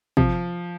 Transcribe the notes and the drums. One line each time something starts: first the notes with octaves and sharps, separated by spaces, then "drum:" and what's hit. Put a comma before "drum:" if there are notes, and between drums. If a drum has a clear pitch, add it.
C3 F3, drum: kick